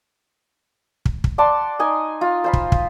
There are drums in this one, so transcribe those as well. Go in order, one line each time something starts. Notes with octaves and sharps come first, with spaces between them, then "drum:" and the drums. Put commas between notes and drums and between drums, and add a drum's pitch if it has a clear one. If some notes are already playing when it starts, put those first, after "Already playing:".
drum: kick
drum: kick
D5 F#5 A5 C6
D#4 D#5 G#5
F4
C5 F5 B5
drum: kick
drum: kick